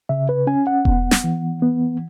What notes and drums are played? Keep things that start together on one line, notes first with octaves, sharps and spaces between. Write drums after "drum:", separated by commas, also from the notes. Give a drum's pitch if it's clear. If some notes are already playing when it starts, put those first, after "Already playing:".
C#3 E5
B4
C#4 G#5
F#5
B3, drum: kick E1
drum: snare
E3
B3